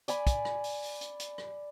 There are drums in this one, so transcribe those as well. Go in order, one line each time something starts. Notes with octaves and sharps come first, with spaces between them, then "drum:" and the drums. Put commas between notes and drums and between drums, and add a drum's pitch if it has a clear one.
D5 G#5 B5, drum: hi-hat
drum: kick, hi-hat
drum: rim click
drum: open hi-hat
drum: open hi-hat
drum: hi-hat
drum: hi-hat
drum: rim click